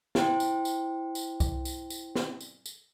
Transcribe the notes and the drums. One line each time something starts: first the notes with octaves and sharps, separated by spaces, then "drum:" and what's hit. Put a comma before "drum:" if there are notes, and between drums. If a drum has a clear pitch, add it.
E4 C5 G5, drum: snare
drum: tambourine
drum: tambourine
drum: tambourine
drum: kick C2, tambourine
drum: tambourine
drum: tambourine
drum: snare
drum: tambourine
drum: tambourine